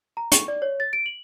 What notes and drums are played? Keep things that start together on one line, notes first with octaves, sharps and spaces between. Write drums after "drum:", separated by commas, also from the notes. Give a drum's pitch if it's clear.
A#5
C#6, drum: hi-hat
D5
C#5
A6
D7
F#7